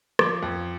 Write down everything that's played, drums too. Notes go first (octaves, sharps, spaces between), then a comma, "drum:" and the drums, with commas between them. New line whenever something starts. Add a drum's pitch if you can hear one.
F3 D6, drum: rim click
F2